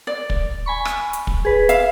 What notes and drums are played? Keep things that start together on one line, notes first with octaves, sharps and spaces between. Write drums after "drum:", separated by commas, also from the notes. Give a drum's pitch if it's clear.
D5
drum: kick
G#5 B5 C#6
drum: rim click
drum: hi-hat
drum: kick
G#4 B4
E5 F5, drum: hi-hat